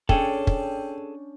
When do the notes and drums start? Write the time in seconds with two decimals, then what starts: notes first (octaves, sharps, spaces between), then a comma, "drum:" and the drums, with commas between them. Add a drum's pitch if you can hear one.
0.09 C#4 D4 G#4 A4 G5, drum: kick
0.47 drum: kick